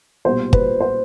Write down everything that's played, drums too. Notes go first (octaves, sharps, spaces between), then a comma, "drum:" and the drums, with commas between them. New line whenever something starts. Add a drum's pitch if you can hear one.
B1 A#2 G3 C5
B4, drum: kick
C5